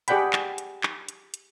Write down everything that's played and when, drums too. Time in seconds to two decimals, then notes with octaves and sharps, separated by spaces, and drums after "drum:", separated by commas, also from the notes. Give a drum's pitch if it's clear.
0.08 G4 G#4 D5 F#5 G5 B5, drum: hi-hat
0.33 drum: clap
0.58 drum: hi-hat
0.83 drum: clap
1.09 drum: hi-hat
1.34 drum: hi-hat